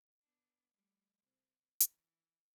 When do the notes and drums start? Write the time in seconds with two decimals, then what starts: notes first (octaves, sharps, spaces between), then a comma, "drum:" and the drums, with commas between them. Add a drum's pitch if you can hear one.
0.19 B3 D4
0.74 G3 A3
1.21 C3
1.80 E3, drum: hi-hat